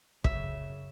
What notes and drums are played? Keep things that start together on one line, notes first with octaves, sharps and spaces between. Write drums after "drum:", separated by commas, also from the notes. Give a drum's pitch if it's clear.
F#2 C#3 E5, drum: kick